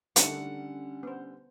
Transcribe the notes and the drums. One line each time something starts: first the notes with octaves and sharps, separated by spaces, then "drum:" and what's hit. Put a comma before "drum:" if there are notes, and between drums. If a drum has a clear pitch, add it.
D3 D#3 G3 A3 C#4 D4 F#5, drum: hi-hat
B3 C5